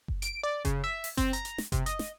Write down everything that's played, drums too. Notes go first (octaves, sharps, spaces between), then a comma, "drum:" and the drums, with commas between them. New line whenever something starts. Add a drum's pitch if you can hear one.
drum: kick F#1
D7, drum: hi-hat
D5
C#3, drum: kick F#1, hi-hat
E5
drum: open hi-hat
C4, drum: kick F#1, hi-hat
A#5, drum: hi-hat
drum: hi-hat
drum: snare
C3, drum: kick F#1, hi-hat
D#5, drum: hi-hat
drum: snare